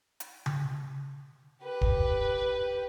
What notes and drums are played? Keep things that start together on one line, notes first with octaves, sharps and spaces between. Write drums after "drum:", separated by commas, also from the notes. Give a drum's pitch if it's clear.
drum: hi-hat
drum: tom C#3
G4 B4
drum: kick